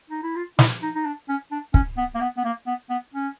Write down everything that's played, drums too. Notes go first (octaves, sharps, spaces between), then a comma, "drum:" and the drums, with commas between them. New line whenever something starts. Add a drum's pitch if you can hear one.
D#4
E4
F4
E4, drum: snare
D#4
D#4
D4
C#4
D4
C#4, drum: kick
B3
A#3
B3
B3
A#3
B3
B3
C#4